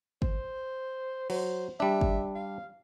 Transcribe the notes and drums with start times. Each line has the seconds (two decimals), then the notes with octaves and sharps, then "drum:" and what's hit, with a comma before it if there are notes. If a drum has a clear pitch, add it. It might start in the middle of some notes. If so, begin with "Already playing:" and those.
0.22 C5, drum: kick
1.30 F#3 C5, drum: cymbal
1.80 G3 D4 E5
2.01 drum: kick
2.35 F5